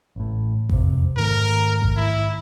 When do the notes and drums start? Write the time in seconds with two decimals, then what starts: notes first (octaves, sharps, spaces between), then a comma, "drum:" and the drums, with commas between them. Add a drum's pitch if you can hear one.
0.16 A1 A2
0.69 E1 F2 C3, drum: kick A1
1.17 G#2 D#3 A3 A#4
1.82 drum: kick A1
1.97 E4